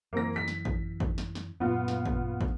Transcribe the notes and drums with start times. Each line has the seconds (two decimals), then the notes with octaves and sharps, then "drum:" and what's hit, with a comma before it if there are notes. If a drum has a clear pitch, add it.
0.13 F#2 E3 A#3 C4 A#6
0.36 B6
0.48 drum: snare
0.65 drum: kick
1.00 drum: kick
1.18 drum: snare
1.35 drum: snare
1.60 F#2 A#2 B3 F4
1.88 drum: snare
2.06 drum: kick
2.41 drum: kick